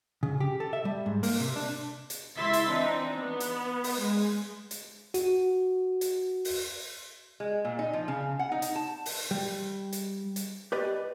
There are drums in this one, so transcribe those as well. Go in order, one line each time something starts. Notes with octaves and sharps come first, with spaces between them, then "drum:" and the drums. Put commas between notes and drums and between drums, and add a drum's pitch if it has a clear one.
C#3
G4
A4
E5
G3
G#2
A#3, drum: open hi-hat
C3
D4
drum: hi-hat
C#2 E4 E5 C6 A6 B6
drum: hi-hat
E3 C4 D4 D#4
B3
drum: hi-hat
drum: open hi-hat
G#3
drum: hi-hat
F#4, drum: hi-hat
drum: hi-hat
drum: open hi-hat
G#3
A#2
D#4
F3
C#3
F#5
D#4
drum: hi-hat
A5
drum: open hi-hat
G3
drum: hi-hat
drum: hi-hat
G4 B4 D5 D#5